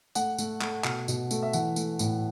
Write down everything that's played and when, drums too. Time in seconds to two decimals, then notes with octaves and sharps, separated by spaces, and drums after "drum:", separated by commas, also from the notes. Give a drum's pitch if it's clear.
0.15 A3 F#5, drum: tambourine
0.38 A3, drum: tambourine
0.61 A3, drum: clap
0.84 B2, drum: clap
1.08 B2, drum: tambourine
1.31 A3, drum: tambourine
1.42 E5
1.53 E3 F#5, drum: tambourine
1.76 A3, drum: tambourine
1.99 A2, drum: tambourine